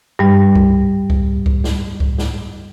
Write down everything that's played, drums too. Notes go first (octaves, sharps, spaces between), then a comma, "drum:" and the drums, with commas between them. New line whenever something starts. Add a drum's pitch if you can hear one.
G2 G3
drum: kick C#2
drum: kick C#2
drum: kick C#2
drum: snare
drum: kick C#2
drum: snare